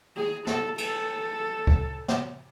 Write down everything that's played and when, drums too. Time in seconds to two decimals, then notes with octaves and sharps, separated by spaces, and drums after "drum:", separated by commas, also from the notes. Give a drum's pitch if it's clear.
0.16 G#4
0.47 A4, drum: snare
0.78 A4, drum: cymbal
1.67 drum: kick C#2
2.08 drum: snare